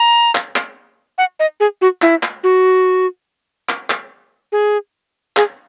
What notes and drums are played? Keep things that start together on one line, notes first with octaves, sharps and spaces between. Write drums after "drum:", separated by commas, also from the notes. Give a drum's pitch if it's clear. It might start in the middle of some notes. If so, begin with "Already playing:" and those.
Already playing: A#5
drum: clap
drum: clap
F#5
D#5
G#4
F#4
E4, drum: clap
drum: clap
F#4
drum: clap
drum: clap
G#4
G#4, drum: clap